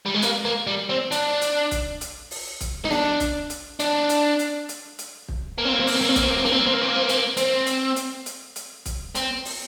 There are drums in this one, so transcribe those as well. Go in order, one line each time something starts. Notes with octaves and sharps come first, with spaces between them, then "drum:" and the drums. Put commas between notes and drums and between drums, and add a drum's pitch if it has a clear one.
G3
G#3
A#3, drum: hi-hat
A#3
G3
C4
D4, drum: hi-hat
drum: hi-hat
drum: kick, hi-hat
drum: hi-hat
drum: open hi-hat
drum: kick, hi-hat
D#4
D4, drum: snare
drum: kick, hi-hat
drum: hi-hat
D4, drum: hi-hat
drum: hi-hat
drum: hi-hat
drum: hi-hat
drum: hi-hat
drum: kick
A#3
C4
A#3
C4
A#3, drum: open hi-hat
C4
A#3
C4
A#3, drum: kick, hi-hat
C4
A#3
C4
A#3, drum: snare
C4
A#3
C4
A#3
C4
A#3
C4
A#3
C4, drum: hi-hat
A#3
C4, drum: hi-hat
drum: hi-hat
drum: hi-hat
drum: hi-hat
drum: hi-hat
drum: kick, hi-hat
C4, drum: hi-hat
drum: open hi-hat